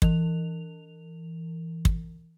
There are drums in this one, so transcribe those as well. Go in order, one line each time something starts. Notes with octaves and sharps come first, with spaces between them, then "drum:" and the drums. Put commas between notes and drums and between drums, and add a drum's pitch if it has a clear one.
E3 F7, drum: kick
drum: kick